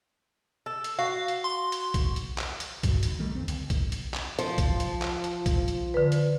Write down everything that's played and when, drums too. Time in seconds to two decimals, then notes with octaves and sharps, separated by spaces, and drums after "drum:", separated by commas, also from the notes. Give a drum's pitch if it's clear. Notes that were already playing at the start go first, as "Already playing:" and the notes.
0.66 A4
0.84 drum: hi-hat
0.99 F#4 F5
1.28 drum: hi-hat
1.44 C6
1.72 drum: hi-hat
1.94 drum: kick B1, hi-hat
2.16 drum: hi-hat
2.38 drum: clap
2.60 drum: hi-hat
2.83 G1 G2 F#3, drum: kick B1, hi-hat
3.03 D#2, drum: hi-hat
3.19 D#3 G3 A3
3.35 F2 C4
3.48 C#2, drum: hi-hat
3.70 drum: kick B1, hi-hat
3.92 drum: hi-hat
4.14 drum: clap
4.39 F3, drum: hi-hat
4.58 drum: kick B1, hi-hat
4.80 drum: hi-hat
5.02 drum: clap
5.24 drum: hi-hat
5.46 drum: kick B1, hi-hat
5.68 drum: hi-hat
5.94 D3 B4
6.12 drum: hi-hat